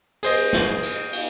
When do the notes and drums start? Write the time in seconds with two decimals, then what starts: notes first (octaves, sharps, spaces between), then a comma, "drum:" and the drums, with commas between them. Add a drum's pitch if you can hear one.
0.23 G#4 C5 D#5, drum: cymbal
0.53 drum: snare
0.83 drum: cymbal
1.12 drum: cymbal